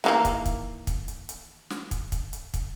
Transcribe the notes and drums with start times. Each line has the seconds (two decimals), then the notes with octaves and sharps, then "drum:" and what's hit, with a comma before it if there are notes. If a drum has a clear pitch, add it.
0.04 D#3 E3 A#3, drum: snare
0.25 drum: kick, hi-hat
0.46 drum: kick, hi-hat
0.87 drum: kick, hi-hat
1.08 drum: hi-hat
1.29 drum: hi-hat
1.70 drum: snare
1.91 drum: kick, hi-hat
2.12 drum: kick, hi-hat
2.33 drum: hi-hat
2.54 drum: kick, hi-hat